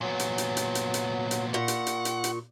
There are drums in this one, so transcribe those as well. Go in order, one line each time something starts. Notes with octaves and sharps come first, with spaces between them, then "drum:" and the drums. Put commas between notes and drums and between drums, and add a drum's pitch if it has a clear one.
A#2 F#3 B3
drum: hi-hat
drum: hi-hat
drum: hi-hat
drum: hi-hat
drum: hi-hat
drum: hi-hat
A#2 F#5 C#6
drum: hi-hat
drum: hi-hat
drum: hi-hat
drum: hi-hat